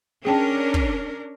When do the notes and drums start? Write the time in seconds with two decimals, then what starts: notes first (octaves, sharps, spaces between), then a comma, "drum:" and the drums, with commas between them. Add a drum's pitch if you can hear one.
0.25 C#4 D4 G#4 A#4 G5 A5
0.74 drum: kick